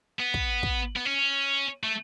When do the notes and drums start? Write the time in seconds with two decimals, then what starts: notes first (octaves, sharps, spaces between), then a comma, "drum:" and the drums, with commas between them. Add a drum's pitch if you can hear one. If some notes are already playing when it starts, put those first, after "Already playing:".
0.20 B3
0.34 drum: kick
0.63 drum: kick
0.96 B3
1.06 C#4
1.84 A3